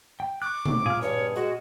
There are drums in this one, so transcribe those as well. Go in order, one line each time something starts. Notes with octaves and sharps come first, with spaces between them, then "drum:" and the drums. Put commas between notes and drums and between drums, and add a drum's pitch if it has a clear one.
G5
C#6 D6 F#6
drum: tom
F4 G#4 F6, drum: tom A#2
G2 C#5
G#3 F#4